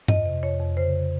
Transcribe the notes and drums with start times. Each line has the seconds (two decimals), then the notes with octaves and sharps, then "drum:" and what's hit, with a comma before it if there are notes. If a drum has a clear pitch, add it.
0.08 F2 D#5, drum: tom G2
0.26 C3
0.43 F2 C#5
0.60 F2
0.77 C#3 C5